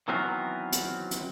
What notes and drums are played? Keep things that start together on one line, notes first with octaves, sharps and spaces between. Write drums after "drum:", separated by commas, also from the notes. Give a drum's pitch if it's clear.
D#3 E3 F#3 B3 C4 A#4
drum: hi-hat
drum: hi-hat